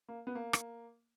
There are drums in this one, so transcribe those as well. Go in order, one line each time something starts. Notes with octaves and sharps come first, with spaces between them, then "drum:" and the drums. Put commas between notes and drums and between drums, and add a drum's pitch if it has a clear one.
A#3
B3
A#3
drum: rim click